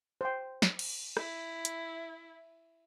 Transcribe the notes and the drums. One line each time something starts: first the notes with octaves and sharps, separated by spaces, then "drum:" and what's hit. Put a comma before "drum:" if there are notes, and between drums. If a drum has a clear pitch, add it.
C5 G5
drum: snare
drum: cymbal
E4, drum: rim click
drum: hi-hat